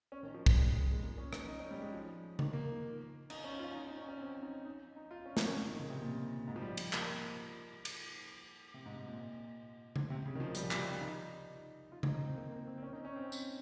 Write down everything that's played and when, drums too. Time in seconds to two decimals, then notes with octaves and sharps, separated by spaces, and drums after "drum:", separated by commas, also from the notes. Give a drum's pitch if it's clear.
0.12 C#4
0.23 D#3
0.35 F3
0.46 G3, drum: kick
0.58 G#3
0.92 G#3
1.03 A#3
1.18 C#4
1.33 D#4, drum: rim click
1.48 D#4
1.60 C#4
1.71 G3
1.82 G#3
1.93 F3
2.39 D#3, drum: tom C#3
2.53 A#3
3.30 D#4, drum: cymbal
3.44 C#4
3.59 F4
3.75 D#4
3.87 D#4
3.97 C#4
4.08 C#4
4.20 C4
4.42 D#4
4.65 D#4
4.96 D#4
5.11 F4
5.26 C#4
5.37 C4, drum: snare
5.41 C#4
5.56 F3
5.67 D#3
5.80 C#3
5.90 C3
6.02 A#2
6.48 G#2
6.56 F3
6.62 G3
6.77 G3, drum: cymbal
6.93 A#3, drum: clap
7.85 drum: cymbal
8.74 C3
8.85 G#2
8.96 G#2
9.07 A#2
9.96 drum: tom C#3
10.10 C3
10.26 C#3
10.35 D#3
10.40 F3
10.55 G3, drum: hi-hat
10.65 F3
10.71 G3, drum: clap
10.85 F4
11.01 D#4
11.92 F4
12.03 D#4, drum: tom C#3
12.14 D#4
12.26 C4
12.37 A#3
12.52 A#3
12.67 C4
12.78 C4
12.83 C#4
12.93 D#4
13.05 C#4
13.16 C4
13.32 drum: tambourine